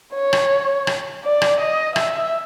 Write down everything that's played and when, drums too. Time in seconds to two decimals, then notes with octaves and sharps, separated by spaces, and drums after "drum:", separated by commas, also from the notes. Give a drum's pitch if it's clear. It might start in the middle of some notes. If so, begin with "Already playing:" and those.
0.15 C#5
0.33 drum: rim click
0.87 drum: rim click
1.24 D5
1.42 drum: rim click
1.60 D#5
1.96 E5, drum: rim click